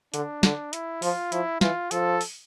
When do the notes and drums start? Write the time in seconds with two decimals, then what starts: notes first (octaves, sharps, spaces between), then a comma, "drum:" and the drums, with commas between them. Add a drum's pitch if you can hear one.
0.14 D3 D4, drum: hi-hat
0.43 D3, drum: snare
0.73 E4, drum: hi-hat
1.02 F3 F4, drum: open hi-hat
1.32 F3 E4, drum: hi-hat
1.61 E3 F4, drum: snare
1.91 F3 A4, drum: hi-hat
2.21 drum: open hi-hat